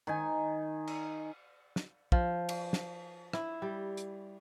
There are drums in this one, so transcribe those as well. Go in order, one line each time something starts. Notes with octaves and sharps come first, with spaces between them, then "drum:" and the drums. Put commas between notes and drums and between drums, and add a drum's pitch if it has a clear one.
D#3 D#4 G#5
drum: cymbal
drum: snare
F3, drum: kick
drum: cymbal
drum: snare
E4, drum: rim click
G3
drum: hi-hat